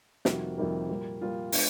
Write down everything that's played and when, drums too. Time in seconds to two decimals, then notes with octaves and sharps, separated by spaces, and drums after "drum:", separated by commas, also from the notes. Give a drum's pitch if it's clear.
0.25 F2 C3 D#3 G3 A#3 F#4, drum: snare
0.57 F2 C3 D#3 G3 A#3
0.89 A#2 G3 A#3
1.21 A#2 G3 A#3 F4
1.52 G#3 B3 D4, drum: open hi-hat